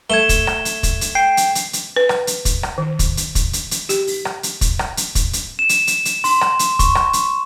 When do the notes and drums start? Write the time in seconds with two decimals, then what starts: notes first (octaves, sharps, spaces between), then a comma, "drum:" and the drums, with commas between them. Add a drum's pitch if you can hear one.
0.10 A3 G#6 E7 G7
0.29 drum: kick, hi-hat
0.47 drum: rim click
0.65 drum: hi-hat
0.83 drum: kick, hi-hat
1.01 drum: hi-hat
1.15 G5 C7
1.37 drum: hi-hat
1.55 drum: hi-hat
1.73 drum: hi-hat
1.96 B4
2.09 drum: rim click
2.27 drum: hi-hat
2.45 drum: kick, hi-hat
2.63 drum: rim click
2.78 D#3
2.99 drum: kick, hi-hat
3.17 drum: hi-hat
3.35 drum: kick, hi-hat
3.53 drum: hi-hat
3.71 drum: hi-hat
3.89 G4, drum: hi-hat
4.07 drum: open hi-hat
4.25 drum: rim click
4.43 drum: hi-hat
4.61 drum: kick, hi-hat
4.79 drum: rim click
4.97 drum: hi-hat
5.15 drum: kick, hi-hat
5.33 drum: hi-hat
5.59 E7
5.69 drum: hi-hat
5.87 drum: hi-hat
6.05 drum: hi-hat
6.24 C6, drum: open hi-hat
6.41 drum: rim click
6.59 drum: hi-hat
6.79 C#6, drum: kick, hi-hat
6.95 drum: rim click
7.13 drum: hi-hat